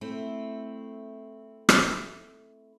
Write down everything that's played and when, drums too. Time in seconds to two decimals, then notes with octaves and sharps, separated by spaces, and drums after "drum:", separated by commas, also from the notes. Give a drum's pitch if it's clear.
0.01 A3 C4 E4
1.69 drum: rim click